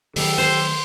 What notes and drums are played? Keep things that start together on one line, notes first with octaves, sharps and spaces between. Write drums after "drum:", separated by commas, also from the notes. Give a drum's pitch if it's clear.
D#3 F#3 A3 G4 A4, drum: open hi-hat
C5